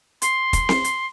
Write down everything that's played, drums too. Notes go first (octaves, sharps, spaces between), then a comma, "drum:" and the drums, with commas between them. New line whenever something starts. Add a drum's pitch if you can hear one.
C6, drum: hi-hat
drum: kick, hi-hat
drum: snare C4
drum: hi-hat